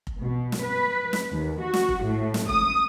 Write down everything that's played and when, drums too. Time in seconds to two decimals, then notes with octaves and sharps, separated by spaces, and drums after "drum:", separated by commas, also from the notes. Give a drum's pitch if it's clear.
0.07 drum: kick F1
0.21 B2
0.52 drum: snare
0.62 B4
1.13 drum: snare
1.32 D#2
1.63 F#4
1.74 drum: snare
1.89 drum: kick F1
2.04 A2
2.34 drum: snare
2.49 D#6, drum: kick F1